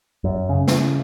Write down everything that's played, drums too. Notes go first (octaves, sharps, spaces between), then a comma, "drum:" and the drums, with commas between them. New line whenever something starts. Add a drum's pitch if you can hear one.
F#2
C#3
drum: snare